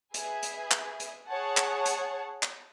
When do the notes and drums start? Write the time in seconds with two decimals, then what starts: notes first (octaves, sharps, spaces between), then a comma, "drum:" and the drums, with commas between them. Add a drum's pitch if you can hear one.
0.14 G#4 B4 E5 G#5, drum: hi-hat
0.43 drum: hi-hat
0.71 drum: clap
1.00 drum: hi-hat
1.28 G#4 C#5 F#5 A5
1.57 drum: clap
1.86 drum: hi-hat
2.43 drum: clap